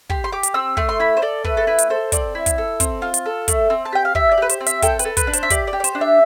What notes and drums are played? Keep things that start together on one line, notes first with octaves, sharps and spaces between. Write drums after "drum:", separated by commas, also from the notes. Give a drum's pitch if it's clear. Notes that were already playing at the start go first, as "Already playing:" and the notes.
G4 C6, drum: kick
C6
G4 D6
drum: hi-hat
C4 E6
A3 C6, drum: kick
C6
E4 B5
C5
A4 D5
A3 B4, drum: kick
A4
E4 B4
drum: hi-hat
A4 C5
C4 D5, drum: kick, hi-hat
E4
drum: kick, hi-hat
A4
C4, drum: kick, hi-hat
F4
drum: hi-hat
A4
A3, drum: kick, hi-hat
C4
A5
G4 G5
F5
G4 E5, drum: kick
D5
G4 B4
C5, drum: hi-hat
C4
E5, drum: hi-hat
A4 G5, drum: kick, hi-hat
B4, drum: hi-hat
A4
B4, drum: kick, hi-hat
D4
C5, drum: hi-hat
E5
G4 D5, drum: kick, hi-hat
D5
G4
D5
C5, drum: hi-hat
D4
E5